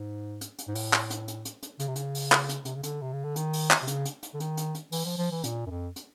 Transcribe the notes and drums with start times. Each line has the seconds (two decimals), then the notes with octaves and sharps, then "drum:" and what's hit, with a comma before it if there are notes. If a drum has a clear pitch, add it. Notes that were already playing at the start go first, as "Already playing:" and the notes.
Already playing: G#2
0.41 drum: hi-hat
0.59 drum: hi-hat
0.68 G#2
0.75 A2, drum: open hi-hat
0.93 drum: clap
1.11 drum: hi-hat
1.28 drum: hi-hat
1.45 drum: hi-hat
1.63 drum: hi-hat
1.80 C#3, drum: hi-hat
1.88 C3
1.96 C#3, drum: hi-hat
2.15 drum: open hi-hat
2.32 drum: clap
2.49 drum: hi-hat
2.65 C3, drum: hi-hat
2.75 C#3
2.83 D3, drum: hi-hat
3.02 C3
3.13 C#3
3.24 D3
3.36 D#3, drum: hi-hat
3.53 drum: open hi-hat
3.71 drum: clap
3.83 C3
3.88 C#3, drum: hi-hat
4.05 drum: hi-hat
4.23 drum: hi-hat
4.34 D3
4.40 D#3, drum: hi-hat
4.57 drum: hi-hat
4.75 drum: hi-hat
4.92 E3, drum: open hi-hat
5.05 F3
5.18 F3
5.31 E3
5.44 A#2, drum: hi-hat
5.66 F#2
5.70 F2
5.96 drum: hi-hat